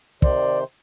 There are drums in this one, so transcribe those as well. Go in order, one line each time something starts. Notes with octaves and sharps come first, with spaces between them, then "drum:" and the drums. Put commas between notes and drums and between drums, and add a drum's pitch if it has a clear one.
C3 D#3 C5 D5, drum: kick